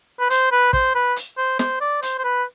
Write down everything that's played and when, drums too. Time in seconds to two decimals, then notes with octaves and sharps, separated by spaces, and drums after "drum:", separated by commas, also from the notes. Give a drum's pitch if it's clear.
0.20 B4
0.30 C5, drum: hi-hat
0.52 B4
0.73 C5, drum: kick
0.95 B4
1.16 drum: hi-hat
1.38 C5
1.59 C5, drum: snare
1.81 D5
2.02 C5, drum: hi-hat
2.19 C5
2.24 B4